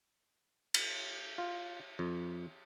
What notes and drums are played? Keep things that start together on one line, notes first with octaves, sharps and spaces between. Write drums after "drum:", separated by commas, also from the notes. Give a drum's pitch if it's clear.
drum: cymbal
F4
F2